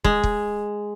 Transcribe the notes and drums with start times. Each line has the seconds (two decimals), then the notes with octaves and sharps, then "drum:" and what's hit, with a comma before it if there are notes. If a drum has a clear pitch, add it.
0.04 G#3, drum: kick
0.24 drum: kick